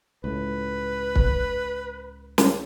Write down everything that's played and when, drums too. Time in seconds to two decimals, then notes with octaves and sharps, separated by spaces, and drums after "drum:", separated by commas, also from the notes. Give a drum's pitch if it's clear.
0.24 C#2 A2 B4
1.16 drum: kick
2.38 drum: snare